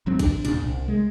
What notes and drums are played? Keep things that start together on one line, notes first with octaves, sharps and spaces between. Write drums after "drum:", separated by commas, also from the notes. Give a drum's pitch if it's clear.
A1 F#3 C4
D4, drum: kick, cymbal
E1 A#2 C#3 D4, drum: cymbal
C2
G#3